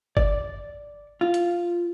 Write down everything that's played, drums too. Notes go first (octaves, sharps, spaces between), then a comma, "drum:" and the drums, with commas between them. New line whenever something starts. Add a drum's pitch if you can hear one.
D5, drum: kick G1
F4
drum: hi-hat